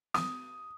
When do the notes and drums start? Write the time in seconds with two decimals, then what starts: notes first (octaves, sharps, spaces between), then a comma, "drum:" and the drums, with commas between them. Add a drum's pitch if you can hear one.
0.14 D#6, drum: snare